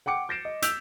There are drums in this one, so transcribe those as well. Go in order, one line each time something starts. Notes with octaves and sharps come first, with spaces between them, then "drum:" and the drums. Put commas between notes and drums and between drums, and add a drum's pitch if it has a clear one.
F#5 G5 D6 C#7
G6 A6 A#6 C7 D7 E7
D#5
E6 G6 B6 D7 E7 F7, drum: hi-hat